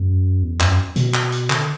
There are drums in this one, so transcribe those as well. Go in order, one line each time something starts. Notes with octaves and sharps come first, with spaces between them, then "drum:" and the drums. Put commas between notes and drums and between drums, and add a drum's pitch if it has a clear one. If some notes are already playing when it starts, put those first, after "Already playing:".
Already playing: F#2
E2
F#2, drum: clap
B2, drum: hi-hat
drum: clap
drum: hi-hat
D3, drum: clap